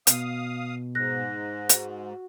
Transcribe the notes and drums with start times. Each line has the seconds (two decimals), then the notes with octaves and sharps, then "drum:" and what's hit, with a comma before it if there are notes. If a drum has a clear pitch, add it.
0.07 B2 F5 D#6, drum: hi-hat
0.95 G#2 F#6 A#6
1.69 F#4, drum: hi-hat